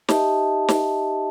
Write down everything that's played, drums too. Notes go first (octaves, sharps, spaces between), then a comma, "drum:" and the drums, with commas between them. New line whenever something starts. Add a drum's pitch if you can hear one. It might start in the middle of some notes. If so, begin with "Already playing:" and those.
D#4 G4 D#5 E5 A5, drum: snare
drum: snare